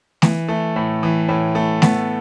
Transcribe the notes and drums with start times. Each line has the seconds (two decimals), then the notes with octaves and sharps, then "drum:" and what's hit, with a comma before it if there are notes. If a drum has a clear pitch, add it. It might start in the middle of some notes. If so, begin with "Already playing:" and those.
0.22 E3, drum: snare A3
0.48 A3
0.76 A2
1.03 E3
1.29 A2
1.55 A3
1.82 B3, drum: snare A3